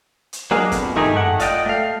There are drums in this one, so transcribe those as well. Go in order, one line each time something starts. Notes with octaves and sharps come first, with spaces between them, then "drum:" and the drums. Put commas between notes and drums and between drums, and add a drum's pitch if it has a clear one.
drum: hi-hat
F#3 A#3 D4 G#4 D#5 F5
F2 B2, drum: kick G1, hi-hat
D#3 A3 D#4 G4 G#4
drum: tom
A3 F#5
F4 D5 D#5 F5 G5, drum: kick G1, hi-hat
A3 F5